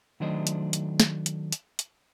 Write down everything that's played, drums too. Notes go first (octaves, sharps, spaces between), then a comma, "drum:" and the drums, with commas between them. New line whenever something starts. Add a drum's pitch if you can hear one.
D#3 F#3 A3 D4 C5 D#5
drum: hi-hat
drum: hi-hat
drum: snare
drum: hi-hat
drum: hi-hat
drum: hi-hat